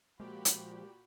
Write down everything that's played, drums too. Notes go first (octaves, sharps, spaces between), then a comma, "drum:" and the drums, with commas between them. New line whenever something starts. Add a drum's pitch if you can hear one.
A#2 F3 G#3 A#3 F#4 G4 B5
drum: hi-hat